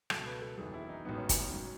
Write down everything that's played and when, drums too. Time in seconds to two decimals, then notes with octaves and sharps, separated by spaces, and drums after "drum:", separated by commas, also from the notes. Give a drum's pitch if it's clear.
0.10 C#2 B2 F#3 A4, drum: rim click
0.26 B4
0.42 A4
0.57 F#1 E2 D#3 F#3 G#4
0.74 E4
0.89 D#4
1.05 A1 G#2 D#3 F#3 B3
1.17 C#4
1.29 drum: kick, hi-hat
1.42 C#4
1.53 G#2 F#3